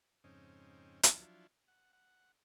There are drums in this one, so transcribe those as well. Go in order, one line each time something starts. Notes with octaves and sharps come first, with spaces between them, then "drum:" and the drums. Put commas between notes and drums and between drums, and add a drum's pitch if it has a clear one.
F2 G#2 C#3 C4 C#4 D#4
drum: hi-hat
F3 F#3 D4 E4 F4
F#5
F#5